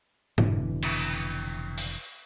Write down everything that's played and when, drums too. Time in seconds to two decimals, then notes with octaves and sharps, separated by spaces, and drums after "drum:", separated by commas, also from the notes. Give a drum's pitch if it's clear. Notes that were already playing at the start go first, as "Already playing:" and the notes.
0.38 F1 B2 D3 E3, drum: tom G#2
0.83 drum: cymbal
1.78 drum: open hi-hat